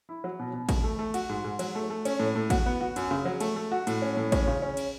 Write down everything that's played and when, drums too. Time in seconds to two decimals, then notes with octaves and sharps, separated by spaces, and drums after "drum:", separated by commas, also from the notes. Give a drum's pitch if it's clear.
0.09 E4
0.24 F#3
0.39 B2
0.53 B2
0.69 B2, drum: kick, cymbal
0.84 A3
0.99 A3
1.14 F#4, drum: cymbal
1.29 G#2
1.44 G#2
1.59 F#3, drum: cymbal
1.75 A3
1.90 A3
2.05 C#4, drum: cymbal
2.20 A2
2.36 A2
2.50 F#4, drum: kick, cymbal
2.66 B3
2.81 F#4
2.96 F#2, drum: cymbal
3.11 C#3
3.25 F#3
3.40 A3, drum: cymbal
3.56 A3
3.72 F#4
3.87 A2, drum: cymbal
4.02 C#4
4.17 A2
4.32 C#4, drum: kick, cymbal
4.47 C#3
4.62 C#4
4.77 drum: cymbal